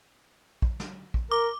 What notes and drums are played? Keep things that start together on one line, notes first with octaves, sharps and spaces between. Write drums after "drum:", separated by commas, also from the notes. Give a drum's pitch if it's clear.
drum: kick
drum: snare
drum: kick
A#4 D6